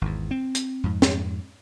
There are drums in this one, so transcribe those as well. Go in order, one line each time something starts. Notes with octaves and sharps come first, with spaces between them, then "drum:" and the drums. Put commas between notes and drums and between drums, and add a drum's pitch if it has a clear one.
G#1 E2
C4
drum: hi-hat
F2 G#2
drum: snare